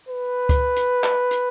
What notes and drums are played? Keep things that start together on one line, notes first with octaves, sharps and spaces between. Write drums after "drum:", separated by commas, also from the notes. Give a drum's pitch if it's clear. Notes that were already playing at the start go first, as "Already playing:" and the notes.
B4
drum: kick C#2, hi-hat
drum: hi-hat
drum: clap
drum: hi-hat